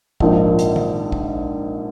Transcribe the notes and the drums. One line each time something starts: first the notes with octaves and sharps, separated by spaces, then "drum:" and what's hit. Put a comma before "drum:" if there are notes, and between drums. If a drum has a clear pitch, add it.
A#1 G#2 F3 A#3 D#4, drum: kick
drum: hi-hat
drum: tom
drum: kick